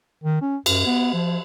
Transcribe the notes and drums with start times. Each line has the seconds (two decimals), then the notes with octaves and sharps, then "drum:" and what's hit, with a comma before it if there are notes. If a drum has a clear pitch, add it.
0.23 D#3
0.41 C#4
0.66 F#2, drum: cymbal
0.86 B3
1.14 F3